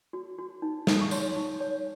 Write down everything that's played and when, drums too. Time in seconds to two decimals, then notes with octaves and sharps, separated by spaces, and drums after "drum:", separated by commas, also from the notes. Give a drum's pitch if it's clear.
0.13 F#4
0.39 F#4
0.62 D#4
0.87 D#4, drum: snare
1.01 C#6
1.11 C#5 C6, drum: tambourine
1.36 D#4
1.60 C#5